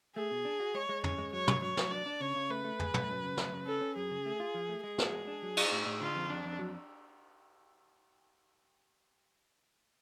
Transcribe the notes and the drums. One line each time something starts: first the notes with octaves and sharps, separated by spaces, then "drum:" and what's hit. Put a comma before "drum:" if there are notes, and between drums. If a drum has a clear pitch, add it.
A3 G#4
B2
D4
F#4
G#3 C#5
G#3
C#4 C#5, drum: tom
G#3
F#3 C#5
G#2, drum: tom
F#3 C#5
F#3, drum: snare
D4 D5
D4
C#3 C#5
C#3
A3 B4
A3
G#4, drum: tom
A3, drum: tom
F#2
C#3
F#2, drum: snare
C#3
C#4 A4
C#4
F#2 G#4
C#3
A3
F4
F3
A3
G#3 G#4
F#4, drum: snare
G#3
D4
F#3
F4, drum: cymbal
A2
A2
D3 F4
F2
F2 D4
F2
F#3